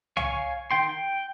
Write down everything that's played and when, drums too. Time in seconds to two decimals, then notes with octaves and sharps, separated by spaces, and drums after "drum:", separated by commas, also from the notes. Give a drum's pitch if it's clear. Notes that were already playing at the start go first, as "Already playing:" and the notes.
0.17 C#5 F5 G#5 C#6, drum: tom
0.71 D#3 G5 C6
0.89 G5